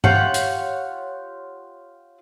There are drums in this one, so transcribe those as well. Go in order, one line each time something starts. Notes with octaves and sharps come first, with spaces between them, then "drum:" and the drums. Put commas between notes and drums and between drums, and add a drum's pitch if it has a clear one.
F4 G4 C#5 F#5, drum: tom G2
drum: hi-hat